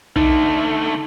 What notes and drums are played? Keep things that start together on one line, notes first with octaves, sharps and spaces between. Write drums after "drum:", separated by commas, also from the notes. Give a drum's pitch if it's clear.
D3 A3 D#4, drum: kick B1